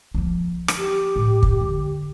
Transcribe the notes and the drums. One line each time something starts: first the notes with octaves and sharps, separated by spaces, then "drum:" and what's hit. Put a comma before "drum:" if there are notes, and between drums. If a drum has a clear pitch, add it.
F3 A#3
drum: rim click
G4
A2
drum: kick
D3